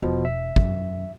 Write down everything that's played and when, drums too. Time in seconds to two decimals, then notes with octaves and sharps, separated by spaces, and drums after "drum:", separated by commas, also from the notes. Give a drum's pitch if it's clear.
0.02 E1 B2 F3
0.25 E5
0.56 F#2, drum: kick